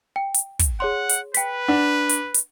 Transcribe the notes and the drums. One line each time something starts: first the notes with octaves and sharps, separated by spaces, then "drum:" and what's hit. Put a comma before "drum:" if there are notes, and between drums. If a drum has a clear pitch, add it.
G5
drum: hi-hat
drum: kick, hi-hat
G#4 C#5 F#5 C6
drum: hi-hat
B4 G5 B6, drum: hi-hat
D4 F#5
drum: hi-hat
drum: hi-hat